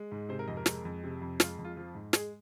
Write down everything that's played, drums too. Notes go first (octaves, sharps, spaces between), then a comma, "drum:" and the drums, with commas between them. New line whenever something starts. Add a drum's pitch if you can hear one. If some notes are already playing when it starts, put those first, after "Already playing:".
Already playing: G#3
G#2
C3 C5
A#4
F2 D#5
A#4
G#3, drum: snare
F2
C3
F2
G#3 F4, drum: snare
F2
F4
F3 F4
G#2
G#3 G#4, drum: snare